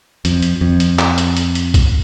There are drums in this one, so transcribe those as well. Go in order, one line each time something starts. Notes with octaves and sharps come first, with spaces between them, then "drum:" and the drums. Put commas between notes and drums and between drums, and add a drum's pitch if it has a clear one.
F2, drum: hi-hat
drum: hi-hat
F2
drum: hi-hat
drum: clap
drum: hi-hat
drum: hi-hat
drum: hi-hat
drum: kick, hi-hat